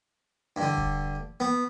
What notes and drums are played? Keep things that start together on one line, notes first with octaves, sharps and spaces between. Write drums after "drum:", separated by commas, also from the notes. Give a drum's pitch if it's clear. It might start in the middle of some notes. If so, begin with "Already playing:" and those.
G2
D3
drum: kick E1
B3